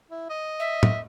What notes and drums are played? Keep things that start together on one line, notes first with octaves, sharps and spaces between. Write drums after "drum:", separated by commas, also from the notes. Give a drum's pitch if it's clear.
E4
D#5
E5
drum: tom